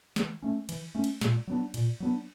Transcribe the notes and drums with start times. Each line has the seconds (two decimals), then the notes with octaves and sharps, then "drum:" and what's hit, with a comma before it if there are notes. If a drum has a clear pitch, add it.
0.16 E3, drum: snare
0.42 A3 C#4
0.69 E3, drum: cymbal
0.95 A3 C#4
1.04 drum: cymbal
1.21 A#2, drum: snare
1.47 F#3 B3 D4
1.74 A#2, drum: cymbal
2.00 F#3 B3 D4